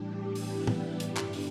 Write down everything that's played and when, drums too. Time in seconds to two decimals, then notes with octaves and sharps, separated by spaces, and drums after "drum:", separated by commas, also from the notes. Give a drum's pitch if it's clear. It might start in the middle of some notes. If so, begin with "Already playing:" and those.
Already playing: A2 E3 G3 D4 G4
0.35 B3 E4, drum: open hi-hat
0.67 D4 G4, drum: tom
1.00 G2 D3 G3, drum: hi-hat
1.17 drum: clap
1.33 drum: open hi-hat